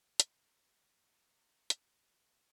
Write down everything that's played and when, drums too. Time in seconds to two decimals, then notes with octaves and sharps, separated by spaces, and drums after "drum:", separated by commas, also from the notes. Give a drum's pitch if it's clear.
0.20 A#3 G4 C5 E5 A#5 C#6, drum: hi-hat
1.70 drum: hi-hat